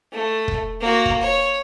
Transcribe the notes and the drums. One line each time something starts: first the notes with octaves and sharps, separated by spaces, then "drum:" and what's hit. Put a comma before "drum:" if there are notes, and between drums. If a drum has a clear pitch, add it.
A3
drum: kick
A#3 F#4
drum: kick
C#5